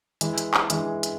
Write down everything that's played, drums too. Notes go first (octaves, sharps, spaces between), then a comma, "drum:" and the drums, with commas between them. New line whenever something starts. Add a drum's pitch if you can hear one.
E3 G#3, drum: hi-hat
drum: hi-hat
drum: clap
E3 G#3, drum: hi-hat
drum: hi-hat